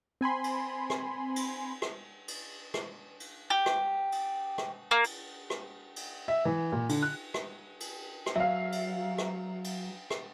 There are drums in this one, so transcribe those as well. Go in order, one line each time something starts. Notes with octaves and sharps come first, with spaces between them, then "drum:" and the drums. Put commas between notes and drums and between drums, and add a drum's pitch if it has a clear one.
C4 G#5 B5 C6
drum: cymbal
drum: rim click
drum: cymbal
drum: rim click
drum: cymbal
drum: rim click
drum: cymbal
G4
drum: rim click
drum: cymbal
drum: rim click
A#3
drum: cymbal
drum: rim click
drum: cymbal
E5
E3
A#2
D3, drum: cymbal
F#6
drum: rim click
drum: cymbal
drum: rim click
F#3 E5 F5
drum: cymbal
drum: rim click
drum: cymbal
drum: rim click